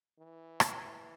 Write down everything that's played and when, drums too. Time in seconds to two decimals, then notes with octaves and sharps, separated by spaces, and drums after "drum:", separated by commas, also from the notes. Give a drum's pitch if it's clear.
0.18 E3
0.60 drum: rim click
0.81 E3